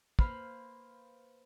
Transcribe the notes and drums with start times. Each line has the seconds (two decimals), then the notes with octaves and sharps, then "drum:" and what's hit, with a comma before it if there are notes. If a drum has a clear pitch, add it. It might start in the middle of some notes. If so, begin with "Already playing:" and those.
0.19 A#3 B4 C5 B5 F6, drum: kick